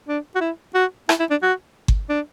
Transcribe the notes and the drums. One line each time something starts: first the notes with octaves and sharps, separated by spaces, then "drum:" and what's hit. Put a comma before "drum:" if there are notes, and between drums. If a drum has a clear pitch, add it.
D4
F#4
E4
F#4
E4, drum: rim click
E4
D4
F#4
drum: kick G1
D4